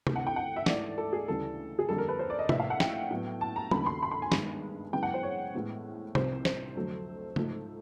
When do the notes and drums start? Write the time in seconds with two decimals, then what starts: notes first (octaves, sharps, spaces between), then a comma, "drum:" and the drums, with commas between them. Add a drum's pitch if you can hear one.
0.07 D2 C3 E3 A3, drum: tom
0.16 F#5
0.27 G5
0.36 F#5
0.56 E5
0.66 G#2 E3 A3 D5, drum: snare
0.98 A4
1.13 G#4
1.28 D2 C#3 E3 G3 A4
1.79 G#4
1.88 F2 D3 G3 A#3 A4
1.98 A#4
2.09 B4
2.19 C5
2.30 D5
2.39 D#5
2.49 A2 F3 A#3 E5, drum: tom
2.60 F5
2.70 F#5
2.80 G5, drum: snare
3.11 A2 F#3 B3
3.41 A5
3.56 A#5
3.71 D#2 C#3 F#3 A3 B5, drum: tom F#3
3.86 C6
4.03 B5
4.11 C6
4.22 G#5
4.32 G2 D#3 G#3 B3, drum: snare
4.93 F#2 C#3 E3 G#3 B3 G5
5.03 F#5
5.14 C5
5.23 C#5
5.54 A2 E3 G#3 B3
6.15 C2 C3 F3 C5, drum: tom
6.45 C5, drum: snare
6.75 F2 D3 F#3 A3
7.36 G#2 F3 A3, drum: tom C#3